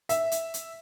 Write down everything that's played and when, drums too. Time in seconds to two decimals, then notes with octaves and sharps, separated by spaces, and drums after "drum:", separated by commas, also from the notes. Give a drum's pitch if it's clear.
0.09 E5, drum: hi-hat
0.32 drum: hi-hat
0.54 drum: hi-hat